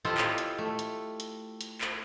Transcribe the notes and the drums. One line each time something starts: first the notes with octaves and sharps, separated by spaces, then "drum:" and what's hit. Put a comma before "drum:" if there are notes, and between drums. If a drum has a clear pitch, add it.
E4 F4 G4 A4 C5 D#5
drum: clap
drum: hi-hat
A3
drum: hi-hat
drum: hi-hat
drum: hi-hat
drum: clap